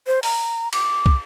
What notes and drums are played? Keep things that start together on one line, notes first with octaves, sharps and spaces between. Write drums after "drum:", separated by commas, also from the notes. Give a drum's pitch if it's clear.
C5
A#5, drum: open hi-hat
D6, drum: cymbal
drum: kick